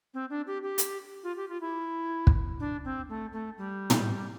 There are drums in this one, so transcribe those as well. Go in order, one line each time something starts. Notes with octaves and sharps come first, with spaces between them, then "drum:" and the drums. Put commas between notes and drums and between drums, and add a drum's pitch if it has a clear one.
C4
D4
G4
G4
drum: hi-hat
F4
G4
F4
E4
drum: kick
D4
C4
A3
A3
G3
drum: tom